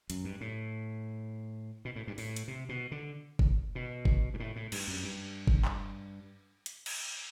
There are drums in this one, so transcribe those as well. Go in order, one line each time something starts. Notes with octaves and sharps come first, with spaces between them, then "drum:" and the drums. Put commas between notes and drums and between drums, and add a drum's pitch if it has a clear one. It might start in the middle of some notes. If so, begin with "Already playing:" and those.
F#2, drum: hi-hat
G2
A2
B2
A2
G2
A2, drum: open hi-hat
drum: hi-hat
C3
B2
D3
drum: kick F#1
B2
drum: kick F#1
G2
A2
A2
G2, drum: cymbal
F#2
G2
drum: kick F#1
drum: clap
drum: hi-hat
drum: cymbal